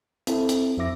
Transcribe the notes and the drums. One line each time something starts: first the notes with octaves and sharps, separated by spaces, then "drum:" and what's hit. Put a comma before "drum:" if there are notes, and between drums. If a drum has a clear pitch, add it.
C4 E4 A4, drum: hi-hat
drum: hi-hat
F2 C4 E4 E5 D6 A#6